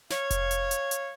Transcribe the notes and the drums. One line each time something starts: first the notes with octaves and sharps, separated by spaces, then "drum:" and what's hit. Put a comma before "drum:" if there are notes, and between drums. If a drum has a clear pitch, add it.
C#5 F5, drum: snare
drum: kick F1, hi-hat
drum: hi-hat
drum: hi-hat
drum: hi-hat